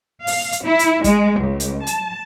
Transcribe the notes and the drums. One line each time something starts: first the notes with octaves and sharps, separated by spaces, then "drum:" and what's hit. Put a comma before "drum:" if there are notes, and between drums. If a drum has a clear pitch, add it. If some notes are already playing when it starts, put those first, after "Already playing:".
F5, drum: open hi-hat
drum: hi-hat
E4
drum: hi-hat
G#3, drum: kick, hi-hat
C#2
drum: hi-hat
A5, drum: hi-hat